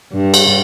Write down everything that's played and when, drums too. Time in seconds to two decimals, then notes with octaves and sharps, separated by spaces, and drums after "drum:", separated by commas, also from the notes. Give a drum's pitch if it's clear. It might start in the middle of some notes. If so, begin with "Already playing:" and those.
0.13 G2
0.34 drum: cymbal